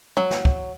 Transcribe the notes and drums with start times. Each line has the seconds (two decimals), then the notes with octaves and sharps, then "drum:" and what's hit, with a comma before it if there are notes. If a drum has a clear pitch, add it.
0.17 F#3, drum: tom
0.31 drum: snare
0.45 drum: kick